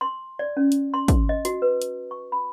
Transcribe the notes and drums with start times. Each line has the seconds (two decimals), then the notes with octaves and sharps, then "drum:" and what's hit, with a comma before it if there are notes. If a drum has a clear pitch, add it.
0.01 C6
0.39 D5
0.57 C#4
0.72 drum: hi-hat
0.94 C6
1.08 drum: kick, hi-hat
1.29 D#5
1.45 F#4, drum: hi-hat
1.62 B4
1.82 drum: hi-hat
2.11 C#6
2.32 B5